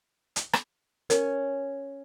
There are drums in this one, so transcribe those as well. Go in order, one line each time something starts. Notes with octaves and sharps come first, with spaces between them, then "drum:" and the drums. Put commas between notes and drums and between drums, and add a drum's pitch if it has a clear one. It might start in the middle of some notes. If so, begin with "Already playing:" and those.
drum: hi-hat
drum: rim click
C#4 A#4, drum: hi-hat